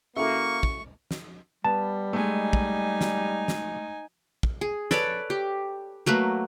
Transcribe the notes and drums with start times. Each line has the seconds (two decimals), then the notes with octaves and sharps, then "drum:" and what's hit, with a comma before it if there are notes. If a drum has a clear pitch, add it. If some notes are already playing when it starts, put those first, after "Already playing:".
0.16 C#3 A#3 E4 F#4 A4 E5 C#6
0.63 drum: kick
1.11 drum: snare
1.64 G3 B3 A5
2.13 G#3 A3 D#4 G#5
2.53 drum: kick
3.01 drum: snare
3.48 drum: snare
4.43 drum: kick
4.61 G#4
4.91 A4 B4 C#5 D5, drum: snare
5.30 G4
6.06 F#3 A3 A#3 B4